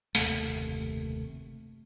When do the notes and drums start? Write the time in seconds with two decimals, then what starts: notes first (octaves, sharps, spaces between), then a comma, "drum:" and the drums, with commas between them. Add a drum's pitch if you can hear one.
0.15 F#1 D#2 C3 A3, drum: open hi-hat